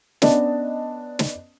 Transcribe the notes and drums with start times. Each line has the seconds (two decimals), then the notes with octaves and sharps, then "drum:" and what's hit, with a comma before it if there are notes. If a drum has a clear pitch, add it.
0.22 B3 C#4 D4 D#5 A5, drum: snare
1.19 drum: snare